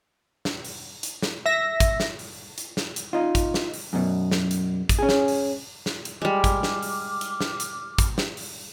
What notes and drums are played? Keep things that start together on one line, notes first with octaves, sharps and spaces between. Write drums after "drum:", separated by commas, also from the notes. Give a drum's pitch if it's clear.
drum: snare
drum: open hi-hat
drum: hi-hat
drum: snare
E5 A#6
drum: kick, hi-hat
drum: snare
drum: open hi-hat
drum: hi-hat
drum: snare
drum: hi-hat
D#4 F4
drum: kick, hi-hat
drum: snare
drum: open hi-hat
F#2 B2
drum: snare
drum: hi-hat
drum: kick, hi-hat
C#4 G#4
drum: snare
drum: open hi-hat
drum: snare
drum: hi-hat
G3 G#3 D6 F6
drum: kick, hi-hat
drum: snare
drum: open hi-hat
drum: hi-hat
drum: snare
drum: hi-hat
drum: kick, hi-hat
drum: snare
drum: open hi-hat